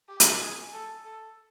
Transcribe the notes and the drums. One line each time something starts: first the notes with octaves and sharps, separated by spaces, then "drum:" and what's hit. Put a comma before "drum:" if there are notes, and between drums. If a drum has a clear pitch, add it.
G4
drum: hi-hat
G#4
A4
A4